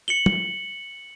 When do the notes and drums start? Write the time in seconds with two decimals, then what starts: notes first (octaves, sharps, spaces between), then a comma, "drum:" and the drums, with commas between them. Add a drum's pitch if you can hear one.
0.08 C#7 F#7 G7
0.26 drum: tom